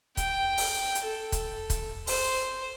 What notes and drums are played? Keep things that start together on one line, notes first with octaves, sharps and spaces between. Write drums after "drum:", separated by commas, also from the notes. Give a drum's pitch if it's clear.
G5, drum: kick C#1, hi-hat
drum: open hi-hat
drum: hi-hat
A4
drum: kick C#1, hi-hat
drum: kick C#1, hi-hat
C5, drum: open hi-hat